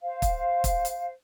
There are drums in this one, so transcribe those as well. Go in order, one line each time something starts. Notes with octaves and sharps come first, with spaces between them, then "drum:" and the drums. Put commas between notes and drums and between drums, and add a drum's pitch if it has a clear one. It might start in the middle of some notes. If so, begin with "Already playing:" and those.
C5 F5
drum: kick, hi-hat
drum: kick, hi-hat
drum: hi-hat